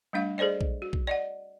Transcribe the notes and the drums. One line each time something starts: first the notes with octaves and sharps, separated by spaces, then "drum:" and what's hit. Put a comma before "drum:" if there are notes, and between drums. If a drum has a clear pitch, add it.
G3 A3 D4 F5
G#4 A4 C5 D5 D#5
drum: kick A#1
F#4
drum: kick A#1
D5 D#5 F#5